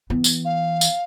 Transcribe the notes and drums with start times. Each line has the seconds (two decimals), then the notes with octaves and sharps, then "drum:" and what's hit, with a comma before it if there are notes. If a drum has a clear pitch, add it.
0.10 E3 B3
0.24 drum: tambourine
0.45 F5
0.81 drum: tambourine